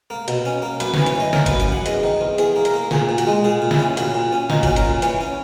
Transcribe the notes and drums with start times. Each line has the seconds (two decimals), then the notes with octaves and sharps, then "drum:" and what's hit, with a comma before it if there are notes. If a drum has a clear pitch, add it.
0.10 A#3
0.28 B2, drum: hi-hat
0.45 C#4
0.62 A#3
0.80 F#2 B4, drum: hi-hat
0.94 E3 B4, drum: snare
1.06 C#5, drum: hi-hat
1.15 E3 D#5
1.33 A#3 A#4, drum: snare
1.46 F#2 B4, drum: kick G1, hi-hat
1.60 G#5, drum: hi-hat
1.68 F#2 F#5
1.86 E2 D#5, drum: hi-hat
2.03 D#3
2.21 E2
2.38 E2 G#4, drum: hi-hat
2.56 A#3
2.65 A#4, drum: hi-hat
2.74 A#3
2.91 A#2 G#4, drum: snare
3.09 A#2
3.18 F#4, drum: hi-hat
3.27 G#3
3.44 A#2 G#4
3.62 A#2
3.71 E4, drum: snare
3.79 C#4
3.97 A#2 F#4, drum: hi-hat
4.14 A#2
4.32 C#4
4.50 A#2 D#4, drum: snare
4.63 C#4 F#4, drum: kick G1, hi-hat
4.76 A#4, drum: hi-hat
4.85 A#2
5.02 E3 C#5, drum: hi-hat
5.21 C#4